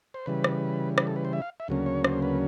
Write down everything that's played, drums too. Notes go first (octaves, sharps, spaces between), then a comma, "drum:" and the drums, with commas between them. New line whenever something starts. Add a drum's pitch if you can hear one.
C5
C#3 E3 G3 B4
drum: rim click
B4, drum: rim click
A4
B4
C5
E5
F5
E5
D2 C#3 F#3 A#3 C#4
C#5
C5, drum: rim click
B4